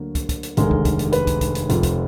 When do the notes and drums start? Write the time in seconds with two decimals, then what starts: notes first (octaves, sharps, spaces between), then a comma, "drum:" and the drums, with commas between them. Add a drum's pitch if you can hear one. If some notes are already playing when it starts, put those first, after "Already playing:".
Already playing: D2 D3 F#3 A#3
0.15 drum: kick, hi-hat
0.29 drum: kick, hi-hat
0.43 drum: hi-hat
0.57 F1 D#2 D3 G#3 A#4, drum: hi-hat
0.71 drum: kick
0.85 drum: kick, hi-hat
0.99 drum: hi-hat
1.12 B4, drum: hi-hat
1.27 drum: kick, hi-hat
1.41 drum: kick, hi-hat
1.55 drum: hi-hat
1.69 F1 F2 F3, drum: hi-hat
1.83 drum: kick, hi-hat